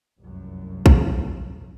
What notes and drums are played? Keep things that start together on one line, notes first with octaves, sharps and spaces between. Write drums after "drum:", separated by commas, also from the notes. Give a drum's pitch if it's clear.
F1 C2 F#2
drum: kick A#1